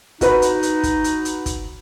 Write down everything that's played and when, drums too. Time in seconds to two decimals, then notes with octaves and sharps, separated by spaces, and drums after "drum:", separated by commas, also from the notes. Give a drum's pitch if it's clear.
0.21 D#4 F#4 B4, drum: kick, hi-hat
0.42 drum: hi-hat
0.63 drum: hi-hat
0.83 drum: kick, hi-hat
1.04 drum: hi-hat
1.25 drum: hi-hat
1.46 drum: kick, hi-hat